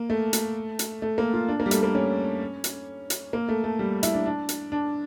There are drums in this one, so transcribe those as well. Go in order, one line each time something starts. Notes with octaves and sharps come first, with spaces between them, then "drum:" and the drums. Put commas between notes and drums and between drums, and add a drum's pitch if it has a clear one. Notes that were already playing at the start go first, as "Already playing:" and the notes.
Already playing: A#3
A3
drum: hi-hat
drum: hi-hat
A3
A#3
F4
D4
A#3
G3
A3, drum: hi-hat
A#3
C#4
drum: hi-hat
drum: hi-hat
A#3
A3
A3
G3
E4, drum: hi-hat
D4
D4
drum: hi-hat
D4